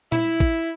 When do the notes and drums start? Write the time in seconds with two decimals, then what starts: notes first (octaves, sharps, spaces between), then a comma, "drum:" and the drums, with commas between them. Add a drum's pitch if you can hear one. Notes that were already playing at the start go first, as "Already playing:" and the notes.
0.12 E4, drum: tom A#2
0.40 drum: kick